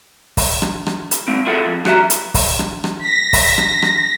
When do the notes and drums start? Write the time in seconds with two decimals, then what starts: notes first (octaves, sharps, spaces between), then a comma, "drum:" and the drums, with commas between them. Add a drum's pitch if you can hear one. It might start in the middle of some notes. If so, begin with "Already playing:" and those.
0.37 drum: kick, open hi-hat
0.62 drum: rim click
0.86 drum: rim click
1.11 drum: hi-hat
1.28 G#3 C4
1.46 E4 F4 G#4 A4 F#5
1.66 F2
1.85 F#3 F#4 G4 C#5 E5 A#5, drum: rim click
2.10 drum: hi-hat
2.34 drum: kick, open hi-hat
2.59 drum: rim click
2.84 drum: rim click
3.02 A#6 B6
3.33 drum: kick, open hi-hat
3.58 drum: rim click
3.82 drum: rim click